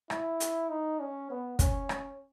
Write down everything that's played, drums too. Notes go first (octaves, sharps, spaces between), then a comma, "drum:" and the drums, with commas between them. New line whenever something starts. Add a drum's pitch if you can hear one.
E4, drum: rim click
drum: hi-hat
D#4
C#4
B3
C#4, drum: kick, hi-hat
drum: rim click